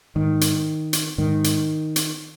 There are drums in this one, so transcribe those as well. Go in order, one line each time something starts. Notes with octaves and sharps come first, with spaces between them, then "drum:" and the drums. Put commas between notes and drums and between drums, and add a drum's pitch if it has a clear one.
G#2 D#3
drum: hi-hat
drum: hi-hat
G#2 D#3
drum: hi-hat
drum: hi-hat